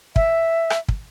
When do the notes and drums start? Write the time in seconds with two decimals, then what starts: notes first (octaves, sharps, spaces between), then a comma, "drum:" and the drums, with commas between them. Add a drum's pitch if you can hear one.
0.16 E5, drum: kick
0.70 drum: rim click
0.88 drum: kick